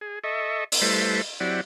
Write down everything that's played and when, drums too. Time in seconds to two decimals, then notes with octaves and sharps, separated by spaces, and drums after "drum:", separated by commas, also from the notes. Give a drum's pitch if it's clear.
0.01 G#4
0.24 A4 D#5 E5 C#6
0.72 drum: open hi-hat
0.81 G3 A3 E4 A4 B4 C5
1.40 F#3 C4 E4 G4 D5 F#5